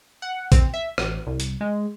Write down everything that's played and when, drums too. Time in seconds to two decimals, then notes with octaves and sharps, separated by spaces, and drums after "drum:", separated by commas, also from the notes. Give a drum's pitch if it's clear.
0.22 F#5
0.52 C4, drum: kick A#1, hi-hat
0.74 E5
0.98 A1, drum: rim click
1.27 C2
1.40 drum: hi-hat
1.61 G#3